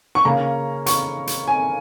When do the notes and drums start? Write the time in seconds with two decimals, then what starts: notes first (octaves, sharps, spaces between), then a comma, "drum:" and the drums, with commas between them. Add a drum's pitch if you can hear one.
0.15 C#6
0.25 C#3 A#3 C#4 A#5
0.86 C#6, drum: hi-hat
1.27 drum: hi-hat
1.48 G#5